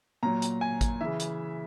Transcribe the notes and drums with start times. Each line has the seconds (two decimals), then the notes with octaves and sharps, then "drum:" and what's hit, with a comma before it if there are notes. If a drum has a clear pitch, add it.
0.23 A#2 F#3 A#5
0.42 drum: hi-hat
0.61 G#5
0.81 drum: kick, hi-hat
1.01 C#3 E3 E5
1.20 drum: hi-hat